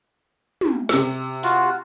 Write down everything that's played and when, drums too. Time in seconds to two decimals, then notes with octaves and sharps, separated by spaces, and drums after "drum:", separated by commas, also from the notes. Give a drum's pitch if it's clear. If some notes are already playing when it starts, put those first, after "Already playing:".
0.61 drum: tom
0.89 C3 E6, drum: snare
1.43 F4 F#4, drum: hi-hat